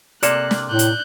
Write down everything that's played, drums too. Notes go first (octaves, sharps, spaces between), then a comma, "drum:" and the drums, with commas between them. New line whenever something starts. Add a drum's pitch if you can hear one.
C3 A#3 A4 D5 F#6, drum: hi-hat
drum: snare
A2 F#6 G6
drum: hi-hat